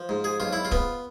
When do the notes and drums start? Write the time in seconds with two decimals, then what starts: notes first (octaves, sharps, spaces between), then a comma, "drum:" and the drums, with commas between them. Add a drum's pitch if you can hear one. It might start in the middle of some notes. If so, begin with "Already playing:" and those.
Already playing: F3
0.09 G#2
0.24 G#4
0.40 B1 F4
0.53 E4
0.65 F4
0.72 B3, drum: kick D1